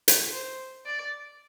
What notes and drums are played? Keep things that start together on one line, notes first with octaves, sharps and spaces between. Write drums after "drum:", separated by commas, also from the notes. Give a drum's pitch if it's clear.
drum: hi-hat
C5
D5